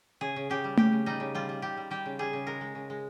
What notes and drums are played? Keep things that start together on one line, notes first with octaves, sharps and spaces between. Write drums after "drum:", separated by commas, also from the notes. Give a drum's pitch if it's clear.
C#3 G#4
C#3
C#3 G4
G3
C#3 G4, drum: tom A3
C#3
G3 D#4
C#3
G3 F4
G3
G3 G4
G3
G3 G4
C#3
G3 G#4
C#3
G#3 A#4
G#3
C#3
G#3